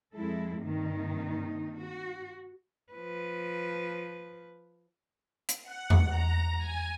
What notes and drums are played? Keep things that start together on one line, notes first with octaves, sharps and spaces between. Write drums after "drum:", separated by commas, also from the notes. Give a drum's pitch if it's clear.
F2 G#3 E4 A4
G2 C3 D#3 A#3 D#4
F#4
F3 B4
drum: hi-hat
F#5
drum: tom E2
A#5
G#5